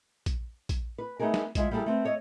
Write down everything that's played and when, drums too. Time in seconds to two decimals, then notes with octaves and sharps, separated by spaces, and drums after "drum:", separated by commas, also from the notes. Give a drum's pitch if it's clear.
0.26 drum: kick A#1, hi-hat
0.69 drum: kick A#1, hi-hat
0.98 B4
1.19 A3 B3 D#4 G#4 A#4
1.34 drum: snare
1.55 D2 G#3 F4 E5, drum: kick A#1, hi-hat
1.71 G3 A#3 E4 G#4 A4
1.86 A3 C4 B4
2.05 A4 C#5 D#5